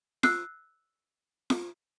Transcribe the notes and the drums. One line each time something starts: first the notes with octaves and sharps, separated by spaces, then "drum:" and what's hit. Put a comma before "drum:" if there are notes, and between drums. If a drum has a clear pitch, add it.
E6 F#6 C7, drum: snare F4
drum: snare F4